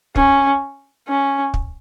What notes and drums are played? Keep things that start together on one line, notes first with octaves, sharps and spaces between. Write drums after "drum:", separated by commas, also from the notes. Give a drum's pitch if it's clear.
C#4, drum: kick
C#4
drum: kick